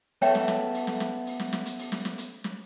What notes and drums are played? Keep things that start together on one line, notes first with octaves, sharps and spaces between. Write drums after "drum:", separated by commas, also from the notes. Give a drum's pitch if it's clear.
A3 B3 A4 C#5 E5 G5, drum: open hi-hat
drum: snare
drum: snare
drum: open hi-hat
drum: snare
drum: snare
drum: open hi-hat
drum: snare
drum: snare
drum: hi-hat
drum: open hi-hat
drum: snare
drum: snare
drum: hi-hat
drum: snare